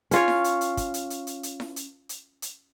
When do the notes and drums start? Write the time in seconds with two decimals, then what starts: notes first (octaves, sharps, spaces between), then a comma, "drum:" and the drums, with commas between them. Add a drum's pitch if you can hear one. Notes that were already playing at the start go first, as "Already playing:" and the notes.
0.11 C#4 F4 C#5, drum: hi-hat
0.28 drum: snare E4
0.44 drum: hi-hat
0.61 drum: hi-hat
0.77 drum: kick, hi-hat
0.94 drum: hi-hat
1.10 drum: hi-hat
1.27 drum: hi-hat
1.43 drum: hi-hat
1.60 drum: snare E4
1.76 drum: hi-hat
2.09 drum: hi-hat
2.42 drum: hi-hat